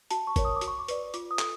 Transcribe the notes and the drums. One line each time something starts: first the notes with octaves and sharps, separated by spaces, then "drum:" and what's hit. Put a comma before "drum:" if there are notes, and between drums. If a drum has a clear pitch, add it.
F#4 A5, drum: hi-hat
C#6
A#4 C#5, drum: kick, hi-hat
D#6
D6
F#4, drum: hi-hat
C#6
D6
B4 D5, drum: hi-hat
F4 D6, drum: hi-hat
D#6
A4, drum: clap